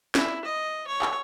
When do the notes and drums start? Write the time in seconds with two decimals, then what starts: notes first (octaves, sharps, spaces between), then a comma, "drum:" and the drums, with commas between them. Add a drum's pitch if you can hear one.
0.15 E4, drum: snare
0.45 D#5
0.88 C#5
1.02 drum: clap